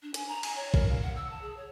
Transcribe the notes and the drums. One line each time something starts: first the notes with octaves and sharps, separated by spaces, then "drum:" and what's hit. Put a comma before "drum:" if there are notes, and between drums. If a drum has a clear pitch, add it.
D4
G#5, drum: hi-hat
A#5
G#5, drum: cymbal
C#5
A#4, drum: kick
F5
F#5
E6
A5
G#4
C#5